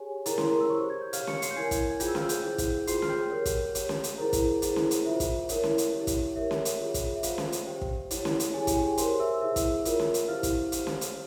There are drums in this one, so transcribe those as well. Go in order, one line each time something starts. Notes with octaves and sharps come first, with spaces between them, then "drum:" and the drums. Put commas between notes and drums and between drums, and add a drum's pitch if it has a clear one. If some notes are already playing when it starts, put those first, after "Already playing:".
Already playing: G4 G#4 C#5 G#5
E4 G#4 A#4 C#5 A#5, drum: hi-hat
C6, drum: snare C#4
A#4 A#5
E6
G4 C5 C#5 C#6
G#6
G6
G4 C#5 F5 F6, drum: hi-hat
C#6 C#7, drum: snare C#4
C6 C7, drum: hi-hat
G6
E4 A#4 C#5 G#5 G#6
drum: kick, hi-hat
G#6
F4 G#4 C5 G5 G6, drum: hi-hat
E6
F5 F6, drum: snare C#4
G5 G6, drum: hi-hat
E4 G#4 C5
drum: kick, hi-hat
F4 G#4 C5 C6 C7, drum: hi-hat
F6, drum: snare C#4
G5 G6
G4 A#4 C#5
drum: kick, hi-hat
G4 C#5, drum: hi-hat
drum: snare C#4
drum: hi-hat
E4 G#4 A#4 C5 A#5
drum: kick, hi-hat
E4 G#4 C5, drum: hi-hat
drum: snare C#4
drum: hi-hat
F4 C5 E5
drum: kick, hi-hat
E4 A#4 C#5, drum: hi-hat
drum: snare C#4
drum: hi-hat
E4 G4 C#5
drum: kick, hi-hat
G4 A#4 C#5 E5
drum: snare C#4
drum: hi-hat
F4 G#4 C#5
drum: kick, hi-hat
E5
F4 C5 F5, drum: hi-hat
drum: snare C#4
drum: hi-hat
G4 C5 G5
drum: kick
E4 G4 C#5, drum: hi-hat
drum: snare C#4
drum: hi-hat
E4 G4 G#4 C#5 G#5
G#5, drum: kick, hi-hat
G4 G5
G#4 G#5
G4 A#4 C5 C#5 C6, drum: hi-hat
E5 E6
E4 G#4 C5 E5 E6
drum: kick, hi-hat
F4 A#4 C#5, drum: hi-hat
drum: snare C#4
drum: hi-hat
E4 G4 C5 F5 F6
drum: kick, hi-hat
G4 C5, drum: hi-hat
drum: snare C#4
drum: hi-hat